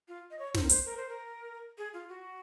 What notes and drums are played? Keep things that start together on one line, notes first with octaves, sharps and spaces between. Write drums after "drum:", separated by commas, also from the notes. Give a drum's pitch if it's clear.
F4
D#5
C#5
C5, drum: snare
A#4
C5, drum: hi-hat
A#4
C5
A#4
G#4
F4
F#4